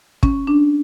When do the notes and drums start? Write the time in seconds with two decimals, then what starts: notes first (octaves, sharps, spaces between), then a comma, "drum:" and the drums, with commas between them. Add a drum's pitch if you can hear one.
0.23 C#4, drum: kick
0.47 D4